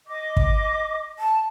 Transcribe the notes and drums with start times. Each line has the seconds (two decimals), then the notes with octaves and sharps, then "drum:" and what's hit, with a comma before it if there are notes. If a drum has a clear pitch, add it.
0.08 D#5 D6
0.37 drum: kick
1.19 A5